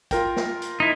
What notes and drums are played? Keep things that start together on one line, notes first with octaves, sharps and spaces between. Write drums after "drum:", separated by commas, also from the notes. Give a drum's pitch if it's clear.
F4 A#4 G5, drum: kick, hi-hat
drum: snare
drum: hi-hat
D#4 E4